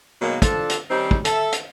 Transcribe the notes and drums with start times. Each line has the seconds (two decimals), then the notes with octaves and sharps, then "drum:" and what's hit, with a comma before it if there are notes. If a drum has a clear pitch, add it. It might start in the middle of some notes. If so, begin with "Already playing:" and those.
0.22 B2 D#3 F#3 G#3 A#3
0.42 F3 D4 A4, drum: kick, hi-hat
0.70 drum: hi-hat
0.90 D#3 G3 C4 C#4 D#4 C5
1.11 drum: kick
1.25 A4 E5, drum: hi-hat
1.52 drum: hi-hat